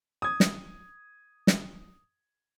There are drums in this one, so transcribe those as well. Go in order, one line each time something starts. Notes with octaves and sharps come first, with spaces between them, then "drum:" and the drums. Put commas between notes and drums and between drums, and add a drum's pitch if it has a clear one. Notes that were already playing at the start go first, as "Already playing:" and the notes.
D#6 G#6
drum: snare
drum: snare